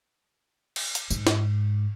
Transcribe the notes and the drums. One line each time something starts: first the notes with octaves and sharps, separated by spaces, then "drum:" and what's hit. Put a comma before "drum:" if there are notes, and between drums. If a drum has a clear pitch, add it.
drum: cymbal
drum: hi-hat
G#2, drum: tambourine
drum: snare